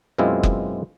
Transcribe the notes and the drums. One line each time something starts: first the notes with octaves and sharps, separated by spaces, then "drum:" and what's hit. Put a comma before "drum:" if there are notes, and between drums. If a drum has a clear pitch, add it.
F#2 B2 G#3 C4 E4 F4
drum: kick F#1